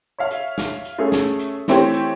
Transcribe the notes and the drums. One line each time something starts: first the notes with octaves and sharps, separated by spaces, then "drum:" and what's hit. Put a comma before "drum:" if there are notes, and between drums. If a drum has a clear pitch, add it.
C#5 E5 F5
drum: hi-hat
drum: snare
drum: hi-hat
A3 C#4 G#4 A4
drum: snare
drum: hi-hat
E3 A3 C4 G4 C#5, drum: snare
drum: hi-hat